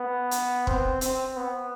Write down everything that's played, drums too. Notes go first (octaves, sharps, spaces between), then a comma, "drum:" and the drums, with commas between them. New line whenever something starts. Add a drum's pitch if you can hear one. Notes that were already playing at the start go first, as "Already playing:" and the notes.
Already playing: B3
drum: hi-hat
C4, drum: kick
C4, drum: hi-hat
B3